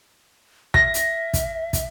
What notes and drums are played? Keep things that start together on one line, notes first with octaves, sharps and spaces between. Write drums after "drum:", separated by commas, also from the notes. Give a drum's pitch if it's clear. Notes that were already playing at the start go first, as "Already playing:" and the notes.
E5 A#6, drum: kick
drum: hi-hat
drum: kick, hi-hat
drum: kick, hi-hat